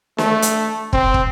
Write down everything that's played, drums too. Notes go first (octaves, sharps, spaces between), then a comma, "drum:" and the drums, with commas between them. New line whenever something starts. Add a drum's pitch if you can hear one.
A3, drum: snare
drum: hi-hat
C4, drum: kick
drum: kick